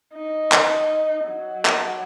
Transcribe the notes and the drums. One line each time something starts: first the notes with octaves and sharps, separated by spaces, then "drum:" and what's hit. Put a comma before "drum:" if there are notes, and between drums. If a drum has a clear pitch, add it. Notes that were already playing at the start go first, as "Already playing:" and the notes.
D#4
drum: clap
F#3
drum: clap